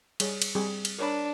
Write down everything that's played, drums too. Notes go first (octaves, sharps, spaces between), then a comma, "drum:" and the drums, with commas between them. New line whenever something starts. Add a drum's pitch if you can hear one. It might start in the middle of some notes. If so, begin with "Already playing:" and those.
G3 G#4 C#5, drum: cymbal
drum: cymbal
G3 C4 G#4
drum: cymbal
D4 A#4 C#5 B5